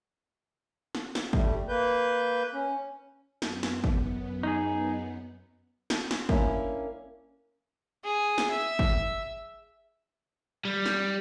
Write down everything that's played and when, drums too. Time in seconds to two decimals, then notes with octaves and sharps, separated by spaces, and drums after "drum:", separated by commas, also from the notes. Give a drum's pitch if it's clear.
0.95 drum: snare
1.15 drum: snare
1.33 G3 A3, drum: kick
1.68 A#3 B4 G6
2.54 C#4
3.42 F#2 B3, drum: snare
3.63 drum: snare
3.84 drum: kick
4.43 D#4 G#4
5.90 drum: snare
6.11 drum: snare
6.29 A#3 C#4 D4 E4 A#4, drum: kick
8.04 G#4
8.38 drum: snare
8.51 E5
8.79 drum: kick
10.65 G3
10.86 drum: snare